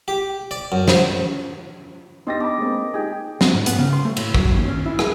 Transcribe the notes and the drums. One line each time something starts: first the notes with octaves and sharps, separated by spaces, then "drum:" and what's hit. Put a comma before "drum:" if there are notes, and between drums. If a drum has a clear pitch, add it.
G4
D5
F#2
C5, drum: snare
B3 D4 D#4 G4 D#5 C6 A6 A#6
A5 B5 D6
G#3 A#3 C4
D#4 G4 G#4 G5
C4, drum: snare
G#2
B3, drum: hi-hat
C#3
C6
A3
A2, drum: cymbal
F#2, drum: kick
D#2
C#4
E4
G#4, drum: rim click